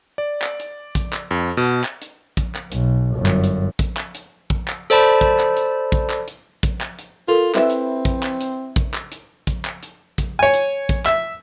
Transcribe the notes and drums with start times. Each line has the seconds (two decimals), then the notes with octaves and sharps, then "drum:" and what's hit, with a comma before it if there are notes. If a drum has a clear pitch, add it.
0.18 D5
0.42 drum: clap
0.60 drum: hi-hat
0.95 drum: kick, hi-hat
1.13 drum: clap
1.31 F2
1.57 B2
1.84 drum: clap
2.02 drum: hi-hat
2.37 drum: kick, hi-hat
2.55 drum: clap
2.72 B1, drum: hi-hat
3.17 G1 F#2
3.26 drum: clap
3.44 drum: hi-hat
3.79 drum: kick, hi-hat
3.97 drum: clap
4.15 drum: hi-hat
4.50 drum: kick
4.68 drum: clap
4.90 A4 C5 D5 A5 B5
5.21 drum: kick, hi-hat
5.39 drum: clap
5.57 drum: hi-hat
5.92 drum: kick, hi-hat
6.10 drum: clap
6.28 drum: hi-hat
6.63 drum: kick, hi-hat
6.81 drum: clap
6.99 drum: hi-hat
7.28 F4 A4 A#4
7.55 C4 E4 B4 E5, drum: clap
7.70 drum: hi-hat
8.05 drum: kick, hi-hat
8.23 drum: clap
8.41 drum: hi-hat
8.76 drum: kick, hi-hat
8.94 drum: clap
9.12 drum: hi-hat
9.47 drum: kick, hi-hat
9.65 drum: clap
9.83 drum: hi-hat
10.18 drum: kick, hi-hat
10.39 C#5 G#5
10.54 drum: hi-hat
10.89 drum: kick, hi-hat
11.06 E5, drum: clap